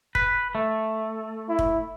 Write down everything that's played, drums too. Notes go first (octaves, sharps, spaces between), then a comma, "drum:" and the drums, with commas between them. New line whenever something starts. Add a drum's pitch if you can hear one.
B4, drum: kick
A3
E4
drum: kick